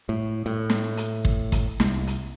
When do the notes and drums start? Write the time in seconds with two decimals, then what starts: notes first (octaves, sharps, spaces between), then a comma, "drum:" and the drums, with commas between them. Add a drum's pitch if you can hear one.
0.09 A2
0.46 A2
0.70 drum: snare
0.97 drum: hi-hat
1.25 drum: kick
1.52 drum: kick, hi-hat
1.80 C2, drum: snare
2.07 drum: hi-hat